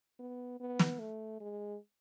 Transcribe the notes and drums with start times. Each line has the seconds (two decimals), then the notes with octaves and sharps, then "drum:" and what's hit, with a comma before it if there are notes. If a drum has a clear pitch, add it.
0.20 B3
0.60 B3
0.79 drum: snare
1.00 A3
1.40 G#3